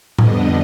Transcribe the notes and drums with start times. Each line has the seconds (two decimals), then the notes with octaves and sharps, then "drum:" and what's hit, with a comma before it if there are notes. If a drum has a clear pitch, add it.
0.18 F2 D3 G3 B3 D4 D#5, drum: tom A2